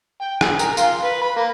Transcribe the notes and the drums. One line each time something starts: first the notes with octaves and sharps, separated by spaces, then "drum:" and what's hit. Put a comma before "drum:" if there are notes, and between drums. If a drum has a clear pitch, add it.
G5
G#4, drum: rim click
A#4, drum: tambourine
F4, drum: tambourine
B4
B5
A#3